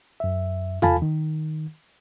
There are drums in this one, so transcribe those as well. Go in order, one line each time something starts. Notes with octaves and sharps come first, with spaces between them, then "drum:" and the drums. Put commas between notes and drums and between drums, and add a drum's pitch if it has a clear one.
F#2 E5
F4 A4 F5 G#5 A5 B5, drum: tom E2
D#3